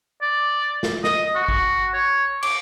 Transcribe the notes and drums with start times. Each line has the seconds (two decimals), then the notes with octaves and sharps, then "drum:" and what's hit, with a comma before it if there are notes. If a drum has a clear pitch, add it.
0.22 D5
0.83 drum: snare
1.04 D#5, drum: snare
1.35 F#4
1.48 drum: kick G#1
1.94 C#5
2.43 D6, drum: cymbal